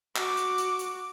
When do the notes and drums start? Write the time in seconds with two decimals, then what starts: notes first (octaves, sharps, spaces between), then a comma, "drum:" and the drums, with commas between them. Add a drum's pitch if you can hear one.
0.16 F#4 D6, drum: clap
0.37 drum: hi-hat
0.58 drum: hi-hat
0.79 drum: hi-hat